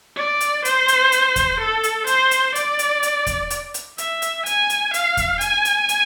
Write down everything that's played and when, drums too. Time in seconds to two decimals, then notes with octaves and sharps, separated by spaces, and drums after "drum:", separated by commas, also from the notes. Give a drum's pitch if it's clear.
0.16 D5
0.40 drum: hi-hat
0.65 C5, drum: hi-hat
0.88 drum: hi-hat
1.12 drum: hi-hat
1.36 drum: kick E2, hi-hat
1.60 A4
1.83 drum: hi-hat
2.07 C5, drum: hi-hat
2.31 drum: hi-hat
2.55 D5, drum: hi-hat
2.79 drum: hi-hat
3.03 drum: hi-hat
3.27 drum: kick E2, hi-hat
3.50 drum: hi-hat
3.74 drum: hi-hat
3.98 E5, drum: hi-hat
4.22 drum: hi-hat
4.46 G#5, drum: hi-hat
4.70 drum: hi-hat
4.94 F5, drum: hi-hat
5.17 drum: kick E2, hi-hat
5.41 G#5, drum: hi-hat
5.65 drum: hi-hat
5.89 drum: hi-hat